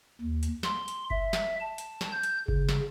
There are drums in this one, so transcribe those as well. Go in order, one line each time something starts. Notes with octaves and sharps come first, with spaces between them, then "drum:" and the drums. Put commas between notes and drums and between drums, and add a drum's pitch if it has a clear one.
D#2
drum: hi-hat
C6, drum: snare
drum: hi-hat
E5, drum: kick F#1
drum: snare
A5
drum: hi-hat
drum: snare
G6
drum: hi-hat
C#3, drum: kick F#1
drum: snare